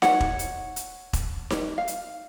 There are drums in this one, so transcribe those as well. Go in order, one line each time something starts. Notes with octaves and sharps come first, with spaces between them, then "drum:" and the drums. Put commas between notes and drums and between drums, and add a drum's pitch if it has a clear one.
C#5 F#5, drum: snare D#4
drum: kick E1
drum: hi-hat
drum: hi-hat
drum: kick E1, hi-hat
drum: snare D#4
F5
drum: hi-hat